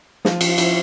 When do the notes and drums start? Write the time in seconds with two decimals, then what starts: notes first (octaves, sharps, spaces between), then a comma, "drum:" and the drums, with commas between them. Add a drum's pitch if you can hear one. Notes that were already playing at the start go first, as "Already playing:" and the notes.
0.25 F3 F4, drum: snare
0.41 F3, drum: cymbal
0.49 F4
0.58 F3 E4, drum: cymbal